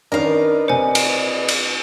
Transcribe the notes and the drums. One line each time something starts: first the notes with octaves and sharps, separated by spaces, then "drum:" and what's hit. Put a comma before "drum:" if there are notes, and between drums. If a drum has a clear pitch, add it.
D#3 C#4 D4 A#4 B4 D5 D#5 F5
C3 C5 G#5 C#7
drum: cymbal
drum: cymbal